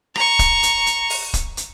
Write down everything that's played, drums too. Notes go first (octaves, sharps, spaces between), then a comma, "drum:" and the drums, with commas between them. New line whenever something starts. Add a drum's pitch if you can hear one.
A#5 C#6, drum: rim click
drum: kick, hi-hat
drum: hi-hat
drum: hi-hat
drum: open hi-hat
drum: kick, hi-hat
drum: hi-hat